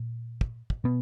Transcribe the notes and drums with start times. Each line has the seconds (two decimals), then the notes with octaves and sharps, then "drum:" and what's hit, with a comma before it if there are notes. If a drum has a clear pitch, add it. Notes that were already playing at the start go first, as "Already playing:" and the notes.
Already playing: A#2
0.41 drum: kick
0.70 drum: kick
0.84 B2 B3